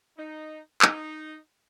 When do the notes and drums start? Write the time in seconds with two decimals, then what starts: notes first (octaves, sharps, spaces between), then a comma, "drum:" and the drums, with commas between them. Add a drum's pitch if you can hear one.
0.18 D#4
0.82 D#4, drum: clap